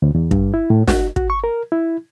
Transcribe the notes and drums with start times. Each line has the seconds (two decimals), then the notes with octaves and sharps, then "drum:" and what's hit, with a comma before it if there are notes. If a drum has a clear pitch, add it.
0.02 D2
0.15 E2
0.31 G2, drum: kick
0.54 E4
0.70 A2
0.88 F#4, drum: snare
1.16 F#4, drum: kick
1.30 C#6
1.44 A#4
1.72 E4